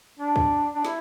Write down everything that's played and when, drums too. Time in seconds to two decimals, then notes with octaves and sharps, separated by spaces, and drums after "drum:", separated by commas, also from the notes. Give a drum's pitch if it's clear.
0.20 D4
0.36 drum: kick
0.75 D4
0.85 E4, drum: snare